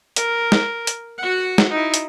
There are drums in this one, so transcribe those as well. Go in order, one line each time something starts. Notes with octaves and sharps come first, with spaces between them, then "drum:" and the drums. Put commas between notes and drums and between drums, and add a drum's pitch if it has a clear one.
A#4, drum: hi-hat
drum: snare
drum: hi-hat
F#4 F#5
drum: snare
D#4 E4
drum: hi-hat